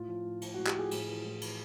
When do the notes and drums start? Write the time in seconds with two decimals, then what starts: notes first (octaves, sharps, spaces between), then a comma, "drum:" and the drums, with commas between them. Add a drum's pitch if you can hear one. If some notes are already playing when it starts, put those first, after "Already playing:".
Already playing: A2 F4
0.08 F3
0.25 A2
0.41 F3, drum: cymbal
0.54 F#4
0.58 A2
0.67 G4, drum: clap
0.75 F3 G#4
0.91 A2, drum: cymbal
1.08 E3
1.25 A2
1.41 E3, drum: cymbal